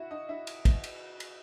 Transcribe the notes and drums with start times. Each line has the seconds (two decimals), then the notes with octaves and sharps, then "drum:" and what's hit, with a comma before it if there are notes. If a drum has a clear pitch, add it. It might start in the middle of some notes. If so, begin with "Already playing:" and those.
Already playing: E4 F#4 E5 F#5
0.11 D#4 D#5
0.29 E4 E5
0.47 drum: cymbal
0.65 drum: kick, cymbal
0.84 drum: cymbal
1.20 drum: cymbal